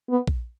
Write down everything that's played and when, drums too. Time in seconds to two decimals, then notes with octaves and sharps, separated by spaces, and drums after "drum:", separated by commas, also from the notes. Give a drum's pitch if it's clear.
0.10 B3
0.27 drum: kick A#1